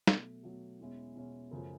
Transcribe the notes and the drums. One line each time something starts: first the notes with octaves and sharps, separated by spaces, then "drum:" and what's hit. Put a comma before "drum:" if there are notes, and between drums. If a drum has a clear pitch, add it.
B2 F#3 A3, drum: snare
B2 F#3 A3
E2 B2 G#3 C#4 E4
E2 B2 G#3 C#4 E4
F#2 C#3 F3 A3